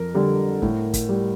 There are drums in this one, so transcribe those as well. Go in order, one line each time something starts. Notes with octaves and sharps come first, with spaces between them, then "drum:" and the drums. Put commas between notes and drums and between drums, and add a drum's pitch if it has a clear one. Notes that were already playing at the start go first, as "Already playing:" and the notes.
Already playing: F2 A#4
D3 G3
A2, drum: kick
drum: kick, hi-hat
G3